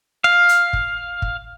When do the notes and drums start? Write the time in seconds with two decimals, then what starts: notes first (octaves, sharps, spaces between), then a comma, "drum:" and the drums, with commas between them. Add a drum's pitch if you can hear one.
0.24 F5
0.49 drum: hi-hat
0.73 drum: kick
1.22 drum: kick